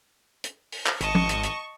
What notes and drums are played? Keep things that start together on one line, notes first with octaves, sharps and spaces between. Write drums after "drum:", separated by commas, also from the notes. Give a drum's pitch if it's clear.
drum: hi-hat
drum: open hi-hat
drum: clap
G#1 D#5 A5 C#6, drum: hi-hat
drum: tom
drum: hi-hat
drum: hi-hat